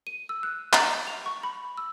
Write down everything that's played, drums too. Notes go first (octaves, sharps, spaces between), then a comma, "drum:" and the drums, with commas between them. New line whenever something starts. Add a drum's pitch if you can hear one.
D#7
E6
F#6
A6, drum: clap
F7
C#6
B5
E6